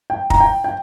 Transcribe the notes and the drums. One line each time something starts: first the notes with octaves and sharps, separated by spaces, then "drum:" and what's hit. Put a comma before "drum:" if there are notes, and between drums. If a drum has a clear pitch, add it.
G5
A#5, drum: kick
G5
G5